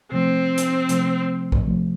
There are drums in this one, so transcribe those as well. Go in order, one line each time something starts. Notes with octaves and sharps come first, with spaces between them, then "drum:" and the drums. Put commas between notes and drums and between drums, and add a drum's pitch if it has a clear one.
C3 F3 A3 C4
drum: hi-hat
C3 F3 A3, drum: hi-hat
drum: kick B1
C3 F3 A3